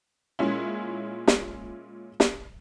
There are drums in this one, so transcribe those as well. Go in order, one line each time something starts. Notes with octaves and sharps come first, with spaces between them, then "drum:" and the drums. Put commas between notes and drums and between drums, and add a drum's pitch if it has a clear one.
A#2 G#3 C#4 E4
drum: snare
drum: snare